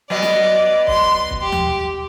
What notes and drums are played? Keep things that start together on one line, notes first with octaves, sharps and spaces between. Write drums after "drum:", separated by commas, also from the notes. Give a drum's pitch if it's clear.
F#3 B3 D5 D#5
drum: snare
C6, drum: kick
drum: kick
G4
drum: tom D#2